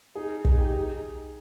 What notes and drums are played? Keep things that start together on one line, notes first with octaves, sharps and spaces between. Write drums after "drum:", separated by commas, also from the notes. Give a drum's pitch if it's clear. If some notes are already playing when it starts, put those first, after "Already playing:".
D#4 G#4
D#4 G#4, drum: kick
G4
G#4